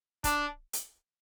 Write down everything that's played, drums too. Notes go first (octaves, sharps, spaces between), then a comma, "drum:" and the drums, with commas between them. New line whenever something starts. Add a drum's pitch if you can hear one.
D4, drum: kick, hi-hat
drum: hi-hat